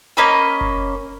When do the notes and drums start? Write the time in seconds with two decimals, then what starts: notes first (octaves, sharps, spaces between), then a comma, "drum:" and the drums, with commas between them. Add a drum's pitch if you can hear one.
0.17 A#3 C#4 D#5 B5
0.61 drum: kick F#1